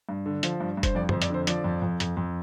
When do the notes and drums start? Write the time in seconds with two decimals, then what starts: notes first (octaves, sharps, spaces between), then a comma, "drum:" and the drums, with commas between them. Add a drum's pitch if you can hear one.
0.09 G2
0.26 D3
0.43 F3, drum: hi-hat
0.60 G2
0.77 G2
0.83 C5, drum: kick F1, hi-hat
0.95 F2 D5
1.09 C5, drum: tom
1.13 F2
1.22 D5, drum: hi-hat
1.30 D3 C5
1.47 F3 D5, drum: hi-hat
1.64 F2
1.82 F2
2.00 F2, drum: hi-hat
2.17 F2